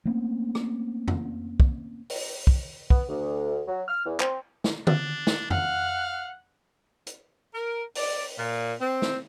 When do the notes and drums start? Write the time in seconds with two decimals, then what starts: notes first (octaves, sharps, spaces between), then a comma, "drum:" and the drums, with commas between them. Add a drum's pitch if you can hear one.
0.06 A3 A#3 C4 C#4
0.55 drum: rim click
1.08 drum: tom F2
1.60 drum: kick
2.09 drum: open hi-hat
2.47 drum: kick
2.90 B3, drum: kick
3.08 D2
3.67 F#3
3.88 F6
4.06 E2
4.20 C4, drum: clap
4.64 drum: snare
4.87 D4, drum: tom D3
5.27 drum: snare
5.50 F5 F#5, drum: tom F2
7.07 drum: hi-hat
7.54 A#4
7.95 D5, drum: open hi-hat
8.38 A#2
8.81 C4
9.02 drum: snare